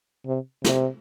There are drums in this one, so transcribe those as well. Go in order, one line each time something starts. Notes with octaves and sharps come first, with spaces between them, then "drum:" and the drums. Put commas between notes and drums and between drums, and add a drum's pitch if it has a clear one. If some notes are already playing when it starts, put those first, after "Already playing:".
C3
C3, drum: snare